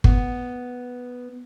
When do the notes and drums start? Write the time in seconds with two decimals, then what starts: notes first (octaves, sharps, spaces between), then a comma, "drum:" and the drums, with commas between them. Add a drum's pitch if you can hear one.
0.04 B3, drum: kick